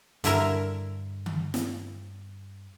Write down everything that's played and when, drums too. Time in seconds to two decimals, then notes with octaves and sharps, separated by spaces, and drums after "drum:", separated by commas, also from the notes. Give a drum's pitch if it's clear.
0.24 G2 D3 E4 A#4, drum: hi-hat
1.26 drum: tom D3
1.54 drum: snare